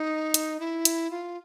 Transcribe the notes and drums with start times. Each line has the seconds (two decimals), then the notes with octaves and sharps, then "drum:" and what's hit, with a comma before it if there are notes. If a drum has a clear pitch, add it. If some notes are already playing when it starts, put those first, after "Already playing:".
Already playing: D#4
0.34 drum: hi-hat
0.60 E4
0.85 drum: hi-hat
1.11 F4